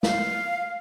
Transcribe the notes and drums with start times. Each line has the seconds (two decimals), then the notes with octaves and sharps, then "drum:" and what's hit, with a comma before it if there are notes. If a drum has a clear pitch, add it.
0.03 F5, drum: snare